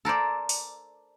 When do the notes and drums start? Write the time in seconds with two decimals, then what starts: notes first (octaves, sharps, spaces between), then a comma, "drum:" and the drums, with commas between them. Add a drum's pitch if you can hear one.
0.05 A4 A#4 C5 D5
0.49 drum: open hi-hat